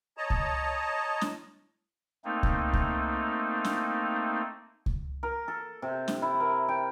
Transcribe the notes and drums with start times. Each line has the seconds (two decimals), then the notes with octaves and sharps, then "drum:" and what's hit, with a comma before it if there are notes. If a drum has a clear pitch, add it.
0.17 C#5 D#5 A5 A#5
0.30 drum: kick C#2
1.21 drum: snare
2.25 A3 A#3 C4 D#4
2.43 drum: kick C#2
2.73 drum: kick C#2
3.65 drum: snare
4.86 drum: kick C#2
5.23 A#4
5.48 A4
5.82 C3
6.08 drum: snare
6.22 E4
6.40 A#4
6.68 G5